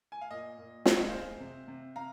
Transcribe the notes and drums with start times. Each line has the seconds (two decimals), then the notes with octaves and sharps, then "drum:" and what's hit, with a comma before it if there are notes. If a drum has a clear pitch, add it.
0.12 G#5
0.21 F5
0.30 A#2 D#5
0.58 A#2
0.86 A#2 F5, drum: snare
0.98 D#5
1.08 G#3 C5 F5
1.40 C3
1.68 C3
1.96 C3 F5 A#5